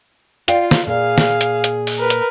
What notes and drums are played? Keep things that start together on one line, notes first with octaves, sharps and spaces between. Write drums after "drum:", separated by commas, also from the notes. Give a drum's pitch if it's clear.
F4 D5 F5 G5, drum: hi-hat
drum: snare
A#2 G#4 F5
drum: snare
drum: hi-hat
drum: hi-hat
drum: open hi-hat
A#4 B4
drum: hi-hat